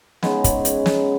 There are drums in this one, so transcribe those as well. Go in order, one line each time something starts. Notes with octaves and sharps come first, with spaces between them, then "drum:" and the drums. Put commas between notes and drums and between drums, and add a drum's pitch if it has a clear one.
C#3 G#3 B3 D#4, drum: snare
C#4, drum: kick, hi-hat
drum: hi-hat
drum: snare